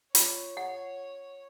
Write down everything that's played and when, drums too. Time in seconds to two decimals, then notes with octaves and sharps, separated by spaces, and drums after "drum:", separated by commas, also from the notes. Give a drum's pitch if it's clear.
0.15 F4 C#5, drum: hi-hat
0.57 F#5